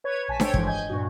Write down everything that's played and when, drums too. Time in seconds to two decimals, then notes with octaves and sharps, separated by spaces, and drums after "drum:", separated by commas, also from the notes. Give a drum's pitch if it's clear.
0.04 B4 C#5 G#6
0.28 A#1 G#5 A5 B6
0.40 A4 C5 C#5 G5 G#6, drum: snare D4
0.54 A1 G2 E3 F3 G#3, drum: kick
0.67 D#5 G#5 G6 G#6
0.90 G2 A#2 F#4